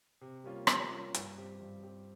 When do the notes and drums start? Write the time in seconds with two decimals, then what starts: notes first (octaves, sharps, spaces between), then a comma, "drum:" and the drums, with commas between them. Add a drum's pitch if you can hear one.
0.21 C3
0.44 G3 A#3 C#4 F4
0.67 C3, drum: rim click
0.90 G3 A#3 C#4 F4
1.14 G2, drum: hi-hat
1.37 G3 C4 G4
1.61 G2
1.83 G3 C4 G4